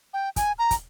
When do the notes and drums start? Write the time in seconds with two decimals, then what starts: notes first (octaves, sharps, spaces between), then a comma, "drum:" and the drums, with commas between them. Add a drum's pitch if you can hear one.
0.14 G5
0.36 G#5, drum: kick, hi-hat
0.59 A#5
0.71 drum: kick, hi-hat